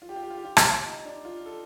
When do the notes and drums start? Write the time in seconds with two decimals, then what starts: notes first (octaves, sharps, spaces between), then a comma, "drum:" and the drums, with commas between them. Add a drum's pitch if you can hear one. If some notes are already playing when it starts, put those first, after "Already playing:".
0.02 F4
0.09 G4
0.16 F4
0.23 G4
0.30 F4
0.38 G4
0.45 F4
0.57 drum: rim click
0.85 D#4
1.05 D4
1.25 F4
1.46 A4